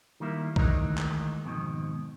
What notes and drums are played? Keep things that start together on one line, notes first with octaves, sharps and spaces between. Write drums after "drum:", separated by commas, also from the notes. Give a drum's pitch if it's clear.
D#3 G3 A#3 E4
D2 D#3 E3 G#3 D#4 A#4, drum: kick B1
drum: clap
F2 G#2 B2 D#3